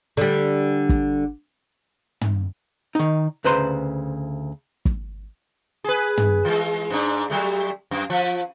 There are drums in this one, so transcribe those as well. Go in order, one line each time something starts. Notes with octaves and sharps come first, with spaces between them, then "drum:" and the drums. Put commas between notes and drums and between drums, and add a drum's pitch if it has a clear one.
D3 G3
drum: kick
drum: tom
D#3 D#4
D2 C#3 B4 C5 A#5 C6
drum: kick
G#4 B4
drum: tom
E3 G#3
G#2 D4
F#3 G3 A3
F#2
F3